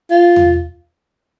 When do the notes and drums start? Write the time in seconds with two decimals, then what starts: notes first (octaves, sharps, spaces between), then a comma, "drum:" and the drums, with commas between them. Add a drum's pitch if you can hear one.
0.11 F4
0.36 drum: tom